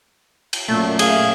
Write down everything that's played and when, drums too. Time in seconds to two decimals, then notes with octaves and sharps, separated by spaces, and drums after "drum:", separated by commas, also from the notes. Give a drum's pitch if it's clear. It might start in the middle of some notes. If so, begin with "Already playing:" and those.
0.53 drum: cymbal
0.69 F#2 A#2 A3
0.99 G#4 E5 F5, drum: cymbal